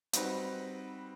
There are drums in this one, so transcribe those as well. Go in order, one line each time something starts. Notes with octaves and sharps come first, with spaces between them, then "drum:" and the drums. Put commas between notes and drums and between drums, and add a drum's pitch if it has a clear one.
G3 C4 D#4 F#4 B4, drum: hi-hat